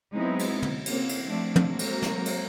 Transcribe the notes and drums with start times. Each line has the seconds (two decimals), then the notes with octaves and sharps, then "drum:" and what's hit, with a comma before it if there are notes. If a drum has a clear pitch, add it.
0.14 F#3 G#3 B3 C4 D#4 E4
0.39 drum: cymbal
0.62 drum: tom
0.86 C#3 A#3 C4, drum: cymbal
1.09 drum: cymbal
1.26 F3 A3 C4 D4
1.56 drum: tom
1.69 F#3 G#3 A#3 C4 F#4 A#4
1.79 drum: cymbal
2.02 drum: snare
2.26 drum: cymbal